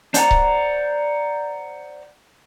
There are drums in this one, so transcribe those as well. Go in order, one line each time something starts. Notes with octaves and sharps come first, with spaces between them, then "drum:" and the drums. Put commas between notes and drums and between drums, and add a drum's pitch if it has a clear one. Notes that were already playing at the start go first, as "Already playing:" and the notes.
D4 C5 D5 F5 F#5 A#5, drum: hi-hat
drum: kick C#1